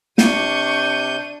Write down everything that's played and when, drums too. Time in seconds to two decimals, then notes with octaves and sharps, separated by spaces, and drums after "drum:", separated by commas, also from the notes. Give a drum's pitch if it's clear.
0.18 C3 D4 C#6 G6 D#7, drum: snare